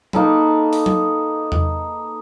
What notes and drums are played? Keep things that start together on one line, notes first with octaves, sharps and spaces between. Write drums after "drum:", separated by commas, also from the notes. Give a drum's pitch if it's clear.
A#3 D#4 A4 B4, drum: tom F#3
drum: open hi-hat
drum: tom F#3
drum: tom E2